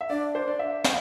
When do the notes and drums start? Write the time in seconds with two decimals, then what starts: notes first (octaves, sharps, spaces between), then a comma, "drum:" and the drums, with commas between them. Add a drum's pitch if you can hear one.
0.01 E5
0.10 D4 D5
0.35 C5
0.48 D5
0.59 E5
0.84 F5, drum: snare